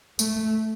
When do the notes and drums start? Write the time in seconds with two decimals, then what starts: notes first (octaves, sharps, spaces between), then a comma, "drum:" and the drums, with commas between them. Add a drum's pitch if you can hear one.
0.19 A3, drum: tambourine